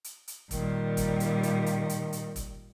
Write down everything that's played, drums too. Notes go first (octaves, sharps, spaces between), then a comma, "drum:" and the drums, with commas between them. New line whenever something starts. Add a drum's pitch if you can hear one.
drum: hi-hat
drum: hi-hat
A#2 D#3 G3, drum: kick G1, hi-hat
drum: kick G1, hi-hat
drum: hi-hat
drum: hi-hat
drum: hi-hat
drum: hi-hat
drum: hi-hat
drum: kick G1, hi-hat